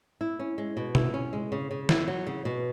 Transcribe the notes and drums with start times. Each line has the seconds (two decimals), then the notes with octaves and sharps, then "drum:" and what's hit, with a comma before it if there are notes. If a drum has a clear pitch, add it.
0.21 E4
0.39 C#4
0.58 G#3
0.77 B2
0.95 E4, drum: tom B2
1.14 C#4
1.33 G#3
1.52 C#3
1.71 C#3
1.89 E4, drum: snare
2.08 F#3
2.27 C#3
2.45 B2